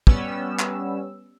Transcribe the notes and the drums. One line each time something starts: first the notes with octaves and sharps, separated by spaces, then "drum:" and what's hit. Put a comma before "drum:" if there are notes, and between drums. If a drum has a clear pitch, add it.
G3 B3 C#4 E6, drum: kick
drum: clap